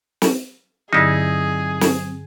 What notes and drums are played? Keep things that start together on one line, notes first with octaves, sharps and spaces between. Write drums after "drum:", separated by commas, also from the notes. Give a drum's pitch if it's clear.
drum: snare
G2 D3 F#3 C4 D#4 E4 G#4
drum: snare